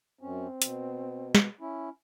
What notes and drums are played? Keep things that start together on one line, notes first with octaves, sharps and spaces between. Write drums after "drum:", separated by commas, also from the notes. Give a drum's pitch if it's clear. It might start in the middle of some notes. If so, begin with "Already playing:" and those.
F#2 C4 C#4
B2, drum: hi-hat
drum: snare
C#4 E4